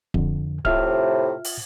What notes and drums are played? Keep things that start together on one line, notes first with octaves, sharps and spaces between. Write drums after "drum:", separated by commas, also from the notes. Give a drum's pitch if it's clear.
F2 D3, drum: kick D1
A2 C3 F4 E5 F6, drum: kick D1
drum: open hi-hat